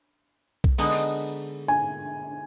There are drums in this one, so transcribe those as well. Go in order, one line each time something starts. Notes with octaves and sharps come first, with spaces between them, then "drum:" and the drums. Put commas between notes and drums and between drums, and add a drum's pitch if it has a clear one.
drum: kick B1
D3 G#3 B3 D#4, drum: cymbal
G#5